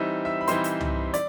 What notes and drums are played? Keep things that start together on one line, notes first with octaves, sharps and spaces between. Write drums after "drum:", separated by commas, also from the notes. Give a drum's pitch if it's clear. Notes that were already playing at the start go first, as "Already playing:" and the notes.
Already playing: E3 G3 C4 D#4 E5 E6
E5 E6
B5
E3 G3 C4 D#4 C5 C6, drum: hi-hat
drum: hi-hat
drum: tom
D5, drum: hi-hat